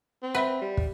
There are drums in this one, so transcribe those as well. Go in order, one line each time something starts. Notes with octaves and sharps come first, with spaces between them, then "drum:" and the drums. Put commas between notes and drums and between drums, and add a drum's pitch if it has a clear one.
C4
B4 C5 E5 F#5
G3
drum: kick